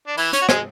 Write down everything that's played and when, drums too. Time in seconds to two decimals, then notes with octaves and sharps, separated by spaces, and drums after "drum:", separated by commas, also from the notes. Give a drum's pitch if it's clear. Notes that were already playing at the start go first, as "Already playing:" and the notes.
0.07 D4
0.17 E3 E4, drum: open hi-hat
0.33 C#4 C#5, drum: hi-hat
0.42 F#4
0.49 G#3 G#4, drum: rim click